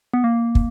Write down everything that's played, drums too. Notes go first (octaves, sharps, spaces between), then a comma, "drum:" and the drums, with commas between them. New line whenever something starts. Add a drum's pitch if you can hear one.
B3
A#3
drum: kick